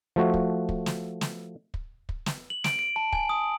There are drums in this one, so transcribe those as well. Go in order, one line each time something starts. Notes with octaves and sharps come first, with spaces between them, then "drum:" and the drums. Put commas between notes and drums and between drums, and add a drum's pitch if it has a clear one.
F3 A3 F#4
drum: kick
drum: kick
drum: snare
drum: snare
drum: kick
drum: kick
drum: snare
F#7
D7, drum: snare
D7
A5
G#5, drum: kick
D#6